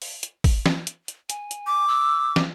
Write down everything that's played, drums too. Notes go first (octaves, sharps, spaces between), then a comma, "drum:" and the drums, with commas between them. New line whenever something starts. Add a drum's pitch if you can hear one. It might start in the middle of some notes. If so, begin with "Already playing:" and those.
drum: open hi-hat
drum: hi-hat
drum: kick G#1, open hi-hat
drum: snare
drum: hi-hat
drum: hi-hat
G#5, drum: hi-hat
drum: hi-hat
D6
E6
drum: snare